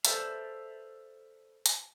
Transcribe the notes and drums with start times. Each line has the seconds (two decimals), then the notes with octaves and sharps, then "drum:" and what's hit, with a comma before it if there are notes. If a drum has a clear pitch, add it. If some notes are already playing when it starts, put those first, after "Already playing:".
0.05 A4 B4 C5 D5 E5 F5, drum: hi-hat
1.66 drum: hi-hat